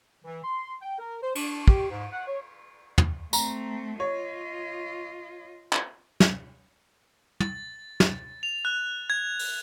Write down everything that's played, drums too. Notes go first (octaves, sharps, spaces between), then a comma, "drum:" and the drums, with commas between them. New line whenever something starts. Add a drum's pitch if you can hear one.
E3
C6
G5
A#4
C5
D4, drum: cymbal
G4, drum: kick
G#2
F#5
C#5
drum: tom
A3 C4 A#5, drum: tambourine
F4 C#5 D#5
drum: clap
drum: snare
A6, drum: tom
drum: snare
F7
F#6
G#6
drum: open hi-hat